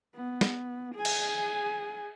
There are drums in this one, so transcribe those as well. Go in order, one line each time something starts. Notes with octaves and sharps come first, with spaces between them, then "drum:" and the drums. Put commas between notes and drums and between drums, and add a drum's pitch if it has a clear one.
B3
drum: snare
G#4 G#5
drum: cymbal